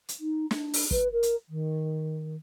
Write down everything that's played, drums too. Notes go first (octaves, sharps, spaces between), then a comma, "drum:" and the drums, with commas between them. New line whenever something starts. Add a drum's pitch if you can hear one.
drum: hi-hat
D#4
D4, drum: snare
drum: open hi-hat
B4, drum: kick
A#4
drum: hi-hat
D#3